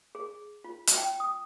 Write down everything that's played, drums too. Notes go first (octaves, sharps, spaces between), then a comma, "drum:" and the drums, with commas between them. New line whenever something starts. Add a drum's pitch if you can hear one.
G#4
F4
drum: hi-hat
G5
D#6